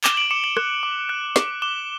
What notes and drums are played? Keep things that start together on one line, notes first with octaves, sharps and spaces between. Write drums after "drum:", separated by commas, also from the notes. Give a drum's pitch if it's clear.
D6 E7 G7, drum: clap
D7 F#7
D6 C#7 E7
D7 F#7
F#6, drum: rim click
D6
F#6
D6, drum: snare
D6 E7 G7